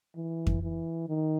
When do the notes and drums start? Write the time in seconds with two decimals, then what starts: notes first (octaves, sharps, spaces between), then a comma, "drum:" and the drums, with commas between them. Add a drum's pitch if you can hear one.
0.16 E3
0.47 drum: kick F2
0.62 E3
1.09 D#3